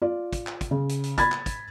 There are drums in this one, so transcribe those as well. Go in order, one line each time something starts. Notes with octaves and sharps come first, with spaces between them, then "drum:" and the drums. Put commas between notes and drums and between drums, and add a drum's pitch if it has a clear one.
F4 D5
drum: kick, hi-hat
drum: clap
drum: kick, hi-hat
C#3
drum: hi-hat
drum: hi-hat
B5 G#6 A6, drum: kick, hi-hat
drum: clap
drum: kick, hi-hat